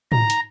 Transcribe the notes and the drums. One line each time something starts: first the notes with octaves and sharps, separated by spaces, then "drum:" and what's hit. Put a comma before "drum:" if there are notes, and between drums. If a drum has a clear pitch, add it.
A#5, drum: tom
drum: hi-hat